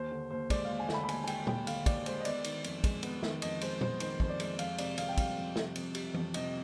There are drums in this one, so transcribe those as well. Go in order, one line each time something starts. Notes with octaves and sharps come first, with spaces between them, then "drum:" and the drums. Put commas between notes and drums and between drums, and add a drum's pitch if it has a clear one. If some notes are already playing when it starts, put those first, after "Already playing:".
Already playing: D#2 C5
D3
D#2 C5
G#3 D5, drum: kick, cymbal
D#2 F5
G#5
D3 B5, drum: snare
B5
D#2 G#5, drum: cymbal
G#5
G#3 G5, drum: cymbal
D#2 G5, drum: tom A#2
D3 F5, drum: cymbal
D#2 D5, drum: kick, cymbal
G#3 C5, drum: cymbal
D#5
B3 D5, drum: cymbal
D#3, drum: cymbal
F2, drum: cymbal
G#3, drum: kick, cymbal
B3, drum: cymbal
D#3, drum: snare
F2 D#5, drum: cymbal
G#3 C5, drum: cymbal
B3 C5, drum: tom A#2
D#3 C5, drum: cymbal
F2 C5, drum: kick
D5
G#3, drum: cymbal
F2 F5, drum: cymbal
C3 D5, drum: cymbal
F2 F5, drum: cymbal
G5
G3 F5, drum: kick, cymbal
F2
C3, drum: snare
F2, drum: cymbal
G3, drum: cymbal
F2, drum: tom E3
C3 D#5, drum: cymbal